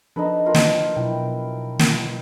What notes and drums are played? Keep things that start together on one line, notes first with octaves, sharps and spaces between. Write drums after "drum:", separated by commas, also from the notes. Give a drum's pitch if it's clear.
F3 D4 D#4 A4 B4
F4 A#4 B4
drum: snare
B2 F#3 E4 G5
drum: snare